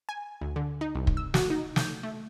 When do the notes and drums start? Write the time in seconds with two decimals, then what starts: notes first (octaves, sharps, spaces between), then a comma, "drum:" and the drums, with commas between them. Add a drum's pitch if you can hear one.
0.09 G#5
0.41 D2
0.56 D3
0.81 D#4
0.95 C2
1.07 drum: kick
1.17 E6
1.34 F#4, drum: snare
1.50 D#4
1.76 G6, drum: snare
2.03 A3